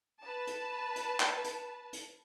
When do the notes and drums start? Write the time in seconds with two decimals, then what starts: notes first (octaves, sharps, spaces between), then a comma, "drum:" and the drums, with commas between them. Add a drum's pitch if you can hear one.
0.23 B4 A5
0.47 drum: hi-hat
0.96 drum: hi-hat
1.20 drum: clap
1.44 drum: hi-hat
1.93 drum: hi-hat